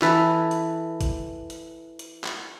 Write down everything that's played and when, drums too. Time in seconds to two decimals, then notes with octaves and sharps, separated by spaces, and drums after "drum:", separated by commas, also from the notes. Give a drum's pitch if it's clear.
0.02 E3 A4 B4, drum: clap
0.51 drum: hi-hat
1.01 drum: kick G#1, hi-hat
1.50 drum: hi-hat
1.99 drum: hi-hat
2.24 drum: clap